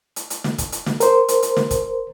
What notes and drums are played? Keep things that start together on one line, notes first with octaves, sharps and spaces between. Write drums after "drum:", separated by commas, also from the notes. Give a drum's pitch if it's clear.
drum: hi-hat
drum: hi-hat
drum: snare
drum: kick, hi-hat
drum: hi-hat
drum: snare
A#4 C5, drum: hi-hat
drum: hi-hat
drum: hi-hat
drum: snare
drum: kick, hi-hat